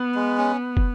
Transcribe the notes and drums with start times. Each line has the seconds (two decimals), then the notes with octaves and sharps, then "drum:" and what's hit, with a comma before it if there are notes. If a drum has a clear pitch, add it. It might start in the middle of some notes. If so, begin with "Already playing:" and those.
Already playing: B3
0.15 G#3
0.38 C#4
0.77 drum: kick